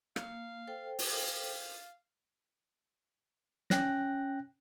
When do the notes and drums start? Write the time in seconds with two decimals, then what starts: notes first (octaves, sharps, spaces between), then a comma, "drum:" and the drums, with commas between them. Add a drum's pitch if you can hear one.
0.16 A#3 F5, drum: rim click
0.67 A4 C5 G5
0.99 drum: open hi-hat
1.12 F5
3.70 C#4 G5 F#6 A#6, drum: snare